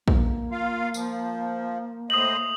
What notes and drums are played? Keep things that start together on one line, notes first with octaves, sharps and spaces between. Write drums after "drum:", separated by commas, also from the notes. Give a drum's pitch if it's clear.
A#3, drum: kick A#1
F4 F5
F3, drum: tambourine
A2 C5 D#5 D#6 F#7